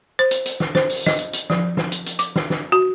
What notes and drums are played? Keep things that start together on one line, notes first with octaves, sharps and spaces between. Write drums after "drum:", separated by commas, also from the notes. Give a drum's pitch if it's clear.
C5
drum: hi-hat
drum: hi-hat
drum: snare
C5, drum: snare
drum: open hi-hat
D#5, drum: snare
drum: hi-hat
drum: hi-hat
F3, drum: snare
drum: snare
drum: hi-hat
drum: hi-hat
D6, drum: hi-hat
drum: snare
drum: snare
F#4